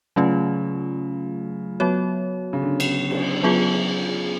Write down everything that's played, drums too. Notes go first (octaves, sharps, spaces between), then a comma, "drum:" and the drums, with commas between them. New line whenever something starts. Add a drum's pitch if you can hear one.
C#3 F#3 A3 C#4 F4
F#3 B3 F#4 C#5
C#3
D3
drum: cymbal
drum: cymbal
F#3 B3 F4 G#4